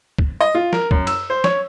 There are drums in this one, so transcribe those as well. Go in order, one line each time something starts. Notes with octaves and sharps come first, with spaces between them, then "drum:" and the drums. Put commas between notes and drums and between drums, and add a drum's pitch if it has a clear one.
drum: kick
D#5
F4
A#4, drum: snare
F#2, drum: kick
E6, drum: cymbal
C5
C#5, drum: snare